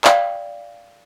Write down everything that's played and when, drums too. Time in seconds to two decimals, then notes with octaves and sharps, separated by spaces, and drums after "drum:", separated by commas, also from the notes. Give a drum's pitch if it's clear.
0.04 D5 F5 G5, drum: clap